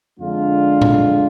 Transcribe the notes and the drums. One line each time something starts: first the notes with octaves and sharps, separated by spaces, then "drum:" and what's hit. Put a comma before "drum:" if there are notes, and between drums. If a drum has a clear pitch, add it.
F2 D3 G#3 D4 F4
drum: tom A#2